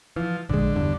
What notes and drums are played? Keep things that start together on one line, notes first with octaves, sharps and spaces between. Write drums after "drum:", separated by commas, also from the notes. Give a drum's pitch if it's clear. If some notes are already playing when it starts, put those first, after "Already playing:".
E3 F3
A#1 D3 G#3, drum: kick A1
G1 E2 G2